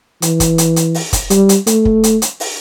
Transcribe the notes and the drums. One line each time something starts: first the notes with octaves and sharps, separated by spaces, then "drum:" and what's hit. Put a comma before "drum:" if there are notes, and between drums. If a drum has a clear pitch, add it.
E3, drum: hi-hat
drum: kick, hi-hat
drum: hi-hat
drum: hi-hat
drum: open hi-hat
drum: kick, hi-hat
G3, drum: hi-hat
drum: hi-hat
A3, drum: hi-hat
drum: kick
drum: hi-hat
drum: hi-hat
drum: open hi-hat